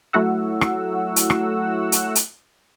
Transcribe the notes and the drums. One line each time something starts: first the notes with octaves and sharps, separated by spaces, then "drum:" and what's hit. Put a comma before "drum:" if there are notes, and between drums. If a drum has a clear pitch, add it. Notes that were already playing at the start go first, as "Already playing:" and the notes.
F#3 A3 E4 F#4 F#5 E6
drum: rim click
drum: hi-hat
drum: rim click
drum: hi-hat
drum: hi-hat